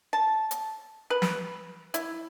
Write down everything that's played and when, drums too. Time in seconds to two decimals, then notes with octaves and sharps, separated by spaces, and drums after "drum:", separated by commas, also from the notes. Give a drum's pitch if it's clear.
0.13 A5
0.51 drum: hi-hat
1.10 B4
1.22 drum: snare
1.94 E4, drum: hi-hat